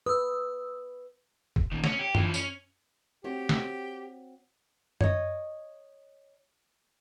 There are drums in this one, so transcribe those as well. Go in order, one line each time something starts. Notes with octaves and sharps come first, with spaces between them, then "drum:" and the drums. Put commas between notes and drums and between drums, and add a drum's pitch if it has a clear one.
B4 D#6 E6
drum: kick
A#2 D#3
C#4, drum: snare
G4
E3 F3, drum: tom F#2
C#4, drum: tambourine
C4 F#4 G4 C#5
drum: snare
C#5 D#5, drum: tom F#2